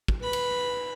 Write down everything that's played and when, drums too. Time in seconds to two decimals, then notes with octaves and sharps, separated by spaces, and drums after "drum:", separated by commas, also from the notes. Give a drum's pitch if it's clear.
0.08 drum: kick
0.21 B4 B5
0.33 drum: cymbal